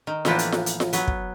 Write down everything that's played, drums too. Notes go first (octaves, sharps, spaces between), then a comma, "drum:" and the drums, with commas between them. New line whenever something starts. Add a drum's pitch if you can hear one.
D#3
A2 E3 F3 A#3 B3 D4, drum: snare F4
drum: hi-hat
drum: snare F4
drum: hi-hat
drum: snare F4
F#3 B3, drum: hi-hat
drum: kick